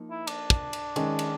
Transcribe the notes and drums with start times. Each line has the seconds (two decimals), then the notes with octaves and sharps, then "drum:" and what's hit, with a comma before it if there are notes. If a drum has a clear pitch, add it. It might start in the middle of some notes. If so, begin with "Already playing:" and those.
Already playing: F3 A#3 D#4
0.10 E4
0.27 D4, drum: cymbal
0.50 drum: kick
0.73 drum: cymbal
0.96 D#3 G#3 C#4, drum: cymbal
1.19 drum: cymbal